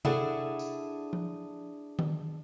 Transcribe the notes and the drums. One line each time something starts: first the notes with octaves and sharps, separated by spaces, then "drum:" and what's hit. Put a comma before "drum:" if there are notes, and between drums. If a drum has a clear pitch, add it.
D4 E4 G#4 A4 F#5, drum: tom C3
drum: tambourine
drum: tom F3
drum: tom D#3